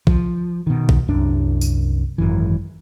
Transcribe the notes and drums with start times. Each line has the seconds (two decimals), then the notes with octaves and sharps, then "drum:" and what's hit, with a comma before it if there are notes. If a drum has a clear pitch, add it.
0.07 F3, drum: kick A#1
0.67 B2 D#3
0.89 drum: kick A#1
1.08 C2 F#2 D4
1.61 drum: tambourine
2.18 G#1 F#2 E3